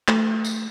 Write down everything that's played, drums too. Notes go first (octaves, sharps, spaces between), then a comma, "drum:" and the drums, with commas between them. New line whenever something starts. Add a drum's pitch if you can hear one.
A3, drum: clap
drum: tambourine